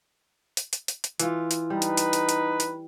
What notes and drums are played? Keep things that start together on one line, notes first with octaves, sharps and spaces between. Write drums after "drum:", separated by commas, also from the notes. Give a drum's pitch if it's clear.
drum: hi-hat
drum: hi-hat
drum: hi-hat
drum: hi-hat
E3 F4, drum: hi-hat
drum: hi-hat
G3 D#4 B4
drum: hi-hat
drum: hi-hat
drum: hi-hat
drum: hi-hat
drum: hi-hat